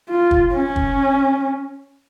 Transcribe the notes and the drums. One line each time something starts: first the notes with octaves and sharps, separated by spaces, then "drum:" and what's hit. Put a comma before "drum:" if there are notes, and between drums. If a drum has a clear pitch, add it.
F4
drum: kick
C#4
drum: kick